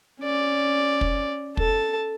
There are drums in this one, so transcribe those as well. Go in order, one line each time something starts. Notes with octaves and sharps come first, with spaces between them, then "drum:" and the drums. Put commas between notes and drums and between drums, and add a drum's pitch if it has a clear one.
C#4 D5
drum: kick
A4 A5, drum: kick